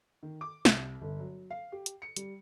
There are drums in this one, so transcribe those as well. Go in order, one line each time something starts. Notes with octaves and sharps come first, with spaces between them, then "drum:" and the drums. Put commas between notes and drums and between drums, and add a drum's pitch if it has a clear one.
D#3
D6
C2, drum: snare
G1
F#3
F5
G4
drum: hi-hat
C#7
G3, drum: hi-hat